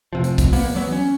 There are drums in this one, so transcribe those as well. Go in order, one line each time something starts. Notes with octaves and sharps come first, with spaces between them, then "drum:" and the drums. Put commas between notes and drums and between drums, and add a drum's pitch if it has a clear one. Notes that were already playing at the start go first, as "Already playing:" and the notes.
F1 C3 F3
drum: hi-hat
drum: kick, hi-hat
A#3 B3, drum: open hi-hat
E3 F#3 B3
C#4